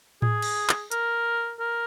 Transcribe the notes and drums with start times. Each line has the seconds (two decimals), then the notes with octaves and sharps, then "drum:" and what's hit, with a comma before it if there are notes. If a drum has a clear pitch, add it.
0.22 G#4, drum: tom A2
0.42 drum: cymbal
0.69 drum: clap
0.92 A#4, drum: hi-hat
1.60 A#4